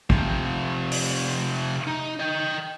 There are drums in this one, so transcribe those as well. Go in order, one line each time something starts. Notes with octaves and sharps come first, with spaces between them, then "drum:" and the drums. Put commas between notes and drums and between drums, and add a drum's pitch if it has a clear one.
C3 F3, drum: kick
drum: open hi-hat
D#4
D#5 G5